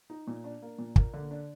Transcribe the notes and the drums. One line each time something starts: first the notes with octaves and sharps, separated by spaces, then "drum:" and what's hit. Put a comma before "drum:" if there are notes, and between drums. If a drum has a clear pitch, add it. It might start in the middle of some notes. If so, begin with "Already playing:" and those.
D#4
A#2
D4
A#3
A#2
A#3, drum: kick
D3
D4